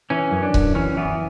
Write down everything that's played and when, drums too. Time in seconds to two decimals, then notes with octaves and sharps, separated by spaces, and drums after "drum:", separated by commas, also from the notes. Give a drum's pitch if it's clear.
0.10 E3 C#4
0.31 F#2
0.43 D4
0.54 F#2, drum: kick C#1
0.75 E3 C#4
0.97 E3 B3